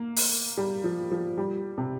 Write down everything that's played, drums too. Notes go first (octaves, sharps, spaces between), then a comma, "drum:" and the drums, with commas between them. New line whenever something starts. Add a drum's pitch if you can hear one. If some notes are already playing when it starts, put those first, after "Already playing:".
Already playing: A#3
drum: open hi-hat
G3
F3
F3
G3
C3